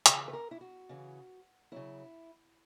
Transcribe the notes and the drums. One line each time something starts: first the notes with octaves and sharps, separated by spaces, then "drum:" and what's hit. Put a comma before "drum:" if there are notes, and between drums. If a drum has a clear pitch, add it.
C#3 E3 G#4, drum: hi-hat
B4
A#4
E4
F#4
C#3 E3
C#3 F#3 E4